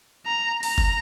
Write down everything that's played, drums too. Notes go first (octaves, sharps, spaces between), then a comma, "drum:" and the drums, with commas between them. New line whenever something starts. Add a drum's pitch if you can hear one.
A#5
A#5, drum: open hi-hat
drum: kick F#1